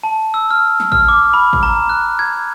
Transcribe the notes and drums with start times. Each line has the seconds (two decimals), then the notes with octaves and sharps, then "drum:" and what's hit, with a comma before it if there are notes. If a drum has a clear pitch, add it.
0.04 A5
0.34 E6
0.51 F6
0.80 drum: snare
0.92 F6, drum: kick A1
1.09 D6
1.34 B5
1.53 drum: kick A1
1.63 A#5
1.89 F#6
2.19 G#6